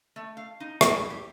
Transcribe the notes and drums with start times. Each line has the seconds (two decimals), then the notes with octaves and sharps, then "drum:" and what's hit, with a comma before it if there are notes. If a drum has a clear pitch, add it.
0.16 A3
0.37 F5
0.60 D#4
0.81 E4, drum: rim click
1.10 G4